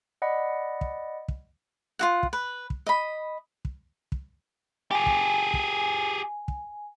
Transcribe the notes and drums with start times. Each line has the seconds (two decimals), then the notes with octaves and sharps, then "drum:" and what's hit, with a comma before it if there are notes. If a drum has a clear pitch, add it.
0.22 D5 D#5 F#5 B5
0.81 drum: kick
1.28 drum: kick
1.99 F4 F#4 F#5
2.23 drum: kick
2.33 B4
2.70 drum: kick
2.87 D#5 B5
3.65 drum: kick
4.12 drum: kick
4.91 G4 G#4 G#5
5.06 drum: kick
5.54 drum: kick
6.48 drum: kick